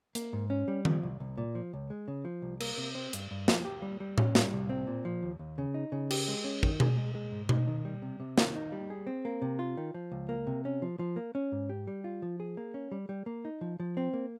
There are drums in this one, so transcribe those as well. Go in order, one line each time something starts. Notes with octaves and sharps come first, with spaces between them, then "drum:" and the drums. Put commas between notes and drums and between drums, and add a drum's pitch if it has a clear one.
A#3, drum: hi-hat
G#2
C#4
G3
F3, drum: tom D#3
C2
C2
A#2
F3
C#2
G#3
C#3
F3
C2
A#3, drum: cymbal
C3
C4
G2, drum: hi-hat
G2
F3, drum: snare
G4
G3
G3
C#4, drum: tom A2
G3, drum: snare
C2
C4
A#2
F3
D#2
D#2
C#3
D#4
C#3
G4, drum: cymbal
G#3
C#4
D#3, drum: kick
G#4, drum: tom B2
G#3
G#3
G#2
D#4, drum: tom B2
D#3
G3
C3
C3
D#3, drum: snare
D#4
G3
G#4
C4
A#3
C3
F4
D#3
F3
C#2
A#3
C3
C#4
F3
F3
A#3
C#4
G#2
G4
G3
F4
F3
G#4
A#3
C#4
G3
G3
A#3
D#4
F3
F3
C4
A#3